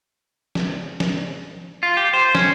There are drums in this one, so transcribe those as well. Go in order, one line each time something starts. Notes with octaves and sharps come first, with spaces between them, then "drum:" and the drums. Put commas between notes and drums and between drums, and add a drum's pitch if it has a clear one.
drum: snare
drum: snare
F4
G4
C5
C#4, drum: snare